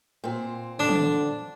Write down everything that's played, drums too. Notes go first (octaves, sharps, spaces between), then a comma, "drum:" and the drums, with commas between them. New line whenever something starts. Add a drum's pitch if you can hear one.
A#2 C4
D3 D4
drum: tom